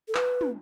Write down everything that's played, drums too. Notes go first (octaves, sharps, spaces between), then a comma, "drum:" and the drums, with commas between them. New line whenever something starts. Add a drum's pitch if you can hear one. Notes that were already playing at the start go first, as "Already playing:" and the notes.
A4
B4, drum: clap
drum: tom